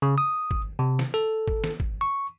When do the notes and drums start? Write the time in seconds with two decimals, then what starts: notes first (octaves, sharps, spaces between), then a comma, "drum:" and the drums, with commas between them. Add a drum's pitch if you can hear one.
0.02 C#3
0.18 D#6
0.51 drum: kick G#1
0.79 C3
0.99 drum: snare
1.14 A4
1.48 drum: kick G#1
1.64 drum: snare
1.80 drum: kick G#1
2.01 C#6